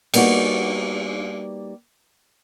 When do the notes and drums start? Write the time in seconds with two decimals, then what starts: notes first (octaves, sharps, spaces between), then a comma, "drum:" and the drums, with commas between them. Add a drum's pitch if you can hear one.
0.14 G3 A#3 B3 D#4 F#4, drum: cymbal